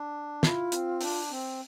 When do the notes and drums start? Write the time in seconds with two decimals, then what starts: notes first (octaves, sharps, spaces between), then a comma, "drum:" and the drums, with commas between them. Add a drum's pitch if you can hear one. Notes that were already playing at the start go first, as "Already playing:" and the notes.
Already playing: D4
0.43 E4 F4, drum: snare
0.72 C4, drum: hi-hat
1.01 D4, drum: open hi-hat
1.30 C4